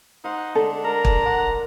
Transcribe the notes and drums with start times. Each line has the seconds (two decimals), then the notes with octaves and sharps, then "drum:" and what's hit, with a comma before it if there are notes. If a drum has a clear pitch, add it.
0.24 D#4 C5 F#5
0.55 D3 G#3 D4 A4
0.84 A#4 A#5
1.05 drum: kick
1.26 D5 F#5